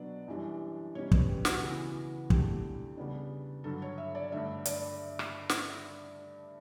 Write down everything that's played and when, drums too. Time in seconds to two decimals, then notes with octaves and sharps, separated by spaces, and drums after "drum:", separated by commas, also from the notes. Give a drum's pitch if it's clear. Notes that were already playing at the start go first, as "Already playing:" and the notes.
Already playing: B2 F#3 B3 D4 D5
0.28 F#2 E3 G3 D4
0.95 B2 G3 C#4 C#5
1.11 B4, drum: kick
1.29 G4
1.45 F#4, drum: snare
1.62 C#3 E3 B3
2.30 E2 D3 A3 G4, drum: kick
2.97 C#3 G3 B3 D4
3.64 G2 D3 F#3 A4
3.82 C#5
3.98 E5
4.15 D5
4.32 G2 D3 A3 D4 E5
4.65 D5, drum: hi-hat
5.19 drum: rim click
5.49 drum: snare